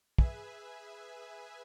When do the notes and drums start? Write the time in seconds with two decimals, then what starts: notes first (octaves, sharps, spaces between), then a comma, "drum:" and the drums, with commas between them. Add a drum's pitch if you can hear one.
0.18 G#4 B4 E5 G#5, drum: kick